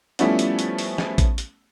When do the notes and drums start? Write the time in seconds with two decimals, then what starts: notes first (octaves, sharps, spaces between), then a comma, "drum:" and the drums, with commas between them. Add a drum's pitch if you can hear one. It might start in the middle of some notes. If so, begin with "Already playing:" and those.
0.19 F3 G3 A3 B3 C#4 E4, drum: hi-hat
0.39 drum: hi-hat
0.59 drum: hi-hat
0.78 drum: open hi-hat
0.98 drum: snare
1.18 drum: kick A1, hi-hat
1.38 drum: hi-hat